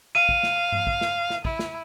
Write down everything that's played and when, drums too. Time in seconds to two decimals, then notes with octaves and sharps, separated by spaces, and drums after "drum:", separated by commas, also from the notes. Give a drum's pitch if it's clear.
0.15 F5 D#7
0.29 drum: kick
0.43 drum: snare
0.72 drum: tom G2
0.87 drum: kick
1.01 drum: snare
1.30 drum: snare
1.45 E4, drum: kick
1.59 drum: snare